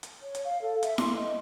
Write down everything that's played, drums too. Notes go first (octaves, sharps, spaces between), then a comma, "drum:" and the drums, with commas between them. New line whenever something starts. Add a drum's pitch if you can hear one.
drum: hi-hat
C#5
drum: hi-hat
F5
A4
E5, drum: hi-hat
C6, drum: snare E4
D#5